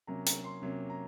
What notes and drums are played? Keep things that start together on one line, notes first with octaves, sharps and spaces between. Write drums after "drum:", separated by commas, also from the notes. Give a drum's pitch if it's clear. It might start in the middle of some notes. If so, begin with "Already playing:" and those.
C3 F#3 A#3 C#4 A#5
A#5, drum: hi-hat
C6
C3 F#3 A#3 C#4
A#5